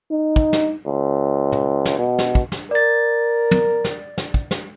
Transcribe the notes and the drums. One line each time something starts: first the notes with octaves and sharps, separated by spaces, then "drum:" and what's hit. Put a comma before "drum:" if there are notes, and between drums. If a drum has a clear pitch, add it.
D#4
drum: kick
drum: snare
C#2
drum: tom
drum: snare
B2
drum: snare
drum: kick
drum: snare
A#4 D5 A6
drum: tom
drum: snare
drum: snare
drum: kick
drum: snare